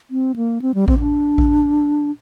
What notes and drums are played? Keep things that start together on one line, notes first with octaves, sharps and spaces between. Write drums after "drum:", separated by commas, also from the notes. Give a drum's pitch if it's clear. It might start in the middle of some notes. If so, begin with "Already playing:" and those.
C4
A#3
C4
G3
C4, drum: kick A1
D4
drum: kick A1